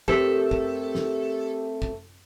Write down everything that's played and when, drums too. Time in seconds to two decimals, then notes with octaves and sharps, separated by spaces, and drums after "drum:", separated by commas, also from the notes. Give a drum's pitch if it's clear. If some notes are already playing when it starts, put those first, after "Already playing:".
0.08 A3 C4 G4 A4 A#4 C5 E5, drum: kick
0.51 drum: kick
0.95 drum: snare
1.82 drum: kick